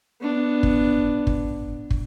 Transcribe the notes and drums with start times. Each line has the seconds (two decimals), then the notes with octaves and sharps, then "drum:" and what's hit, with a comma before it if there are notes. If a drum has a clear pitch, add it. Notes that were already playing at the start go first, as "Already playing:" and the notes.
0.21 B3 D4
0.63 drum: kick
1.27 drum: kick
1.90 drum: kick